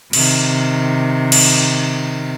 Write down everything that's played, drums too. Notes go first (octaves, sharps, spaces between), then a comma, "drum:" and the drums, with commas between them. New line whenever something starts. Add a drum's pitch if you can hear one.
C3 D#3, drum: cymbal
drum: cymbal